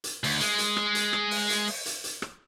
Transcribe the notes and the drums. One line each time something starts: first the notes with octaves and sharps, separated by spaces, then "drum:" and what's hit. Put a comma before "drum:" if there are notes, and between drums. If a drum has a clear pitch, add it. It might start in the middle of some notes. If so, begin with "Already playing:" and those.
drum: hi-hat
D2, drum: open hi-hat
G#3, drum: hi-hat
drum: hi-hat
drum: rim click
drum: hi-hat
drum: rim click
drum: open hi-hat
drum: hi-hat
drum: open hi-hat
drum: hi-hat
drum: hi-hat
drum: rim click